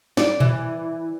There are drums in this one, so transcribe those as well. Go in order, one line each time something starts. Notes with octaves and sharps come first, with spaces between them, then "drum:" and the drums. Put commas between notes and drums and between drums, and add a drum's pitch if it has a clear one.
D5, drum: snare
E3, drum: tom A#2